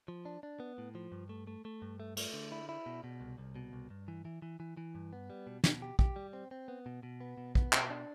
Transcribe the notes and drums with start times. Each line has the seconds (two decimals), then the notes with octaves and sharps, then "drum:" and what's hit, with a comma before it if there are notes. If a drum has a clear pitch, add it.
0.08 F3
0.25 D4
0.43 D4
0.60 B3
0.78 A2
0.95 F3
1.12 G2
1.29 A3
1.47 A3
1.65 A3
1.82 G2
2.00 A3
2.17 A3, drum: cymbal
2.33 D3
2.52 E4
2.69 E4
2.86 B2
3.04 B2
3.21 C2
3.38 C2
3.56 B2
3.73 C2
3.90 G2
4.08 E3
4.25 E3
4.42 E3
4.60 E3
4.77 E3
4.95 G2
5.13 B3
5.30 G3
5.47 B2
5.64 B2, drum: snare
5.82 G4
5.99 G4, drum: kick
6.16 G3
6.33 C4
6.51 C4
6.68 B3
6.86 B2
7.03 B2
7.21 B3
7.38 B2
7.55 B3, drum: kick
7.73 B2, drum: clap
7.90 D4